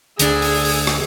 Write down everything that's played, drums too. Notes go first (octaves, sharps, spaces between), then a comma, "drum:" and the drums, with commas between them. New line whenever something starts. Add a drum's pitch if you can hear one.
D2 D4 G#4 E6, drum: hi-hat
drum: open hi-hat
drum: open hi-hat
drum: rim click